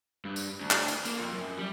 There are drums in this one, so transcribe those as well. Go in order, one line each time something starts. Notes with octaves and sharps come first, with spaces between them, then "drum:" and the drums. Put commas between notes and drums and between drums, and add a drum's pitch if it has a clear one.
G2
drum: tambourine
D2
drum: clap
drum: tambourine
A#3, drum: tambourine
F2
F#2
G3